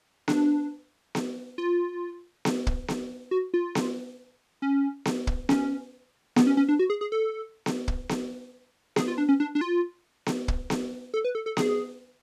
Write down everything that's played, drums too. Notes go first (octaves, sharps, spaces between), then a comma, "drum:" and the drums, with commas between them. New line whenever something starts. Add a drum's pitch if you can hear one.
D4, drum: snare B3
drum: snare B3
F4
drum: snare B3
drum: kick
drum: snare B3
F#4
F4
drum: snare B3
C#4
drum: snare B3
drum: kick
C#4, drum: snare B3
B3, drum: snare B3
C#4
C#4
D4
F#4
G#4
G#4
A4
drum: snare B3
drum: kick
drum: snare B3
G#4, drum: snare B3
F4
D4
C#4
D4
D4
F4
drum: snare B3
drum: kick
drum: snare B3
A4
B4
A4
A4
G#4, drum: snare B3